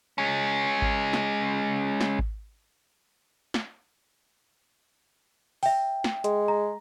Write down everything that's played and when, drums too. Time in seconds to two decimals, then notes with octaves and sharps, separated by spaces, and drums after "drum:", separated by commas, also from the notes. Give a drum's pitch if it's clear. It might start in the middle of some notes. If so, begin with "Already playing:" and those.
0.18 G#3 C#4
0.82 drum: kick G#1
1.13 drum: snare
2.01 drum: snare
2.19 drum: kick G#1
3.54 drum: snare
5.63 E5 G5, drum: open hi-hat
6.04 drum: snare
6.24 G#3, drum: hi-hat
6.48 A#5